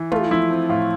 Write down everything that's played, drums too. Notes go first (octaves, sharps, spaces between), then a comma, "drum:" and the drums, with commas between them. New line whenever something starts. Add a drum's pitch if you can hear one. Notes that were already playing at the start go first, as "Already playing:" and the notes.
Already playing: E3
A3 F4, drum: tom
F3 E4
C4
A2 F4